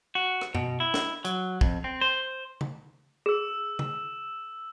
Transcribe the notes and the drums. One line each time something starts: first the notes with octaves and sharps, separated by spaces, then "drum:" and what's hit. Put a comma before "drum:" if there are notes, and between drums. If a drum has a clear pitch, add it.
F#4
drum: rim click
B2, drum: tom
E4
drum: snare
F#3, drum: hi-hat
F2, drum: kick
C4
C5
drum: tom C#3
G#4 E6 E7
drum: tom C#3